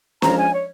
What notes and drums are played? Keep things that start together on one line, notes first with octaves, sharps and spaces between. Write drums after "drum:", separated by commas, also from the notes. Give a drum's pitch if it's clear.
F3 G#3 C#4 F4 C5 A#5, drum: snare
G#5
C#5